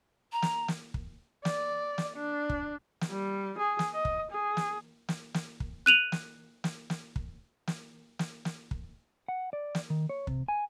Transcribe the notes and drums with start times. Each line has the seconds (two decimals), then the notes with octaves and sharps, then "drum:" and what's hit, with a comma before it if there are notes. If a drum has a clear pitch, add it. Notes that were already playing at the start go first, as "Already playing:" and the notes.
0.32 A#5
0.42 drum: snare
0.68 drum: snare
0.94 drum: kick
1.45 D5, drum: snare
1.98 drum: snare
2.17 D4
2.50 drum: kick
3.01 drum: snare
3.10 G3
3.58 G#4
3.79 drum: snare
3.93 D#5
4.05 drum: kick
4.31 G#4
4.57 drum: snare
5.09 drum: snare
5.34 drum: snare
5.60 drum: kick
5.86 F#6 D#7 F7 F#7
6.12 drum: snare
6.64 drum: snare
6.90 drum: snare
7.16 drum: kick
7.67 drum: snare
8.19 drum: snare
8.45 drum: snare
8.71 drum: kick
9.28 F#5
9.53 D5
9.75 drum: snare
9.90 D#3
10.10 C#5
10.27 C3, drum: kick
10.48 G#5